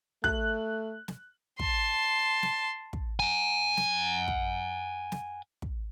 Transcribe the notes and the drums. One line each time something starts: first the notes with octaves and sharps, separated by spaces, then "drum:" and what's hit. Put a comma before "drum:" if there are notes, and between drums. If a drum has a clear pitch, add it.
A3 F#6, drum: kick
drum: snare
A5 C6, drum: kick
drum: snare
drum: kick
F#5 G#5
drum: snare
drum: kick
drum: snare
drum: kick